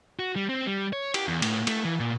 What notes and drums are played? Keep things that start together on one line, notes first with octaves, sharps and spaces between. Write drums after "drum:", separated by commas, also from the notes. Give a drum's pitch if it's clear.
F#4
G3
C4
G3
C#5
G4, drum: cymbal
E2
A2, drum: cymbal
A3, drum: cymbal
E3
A#2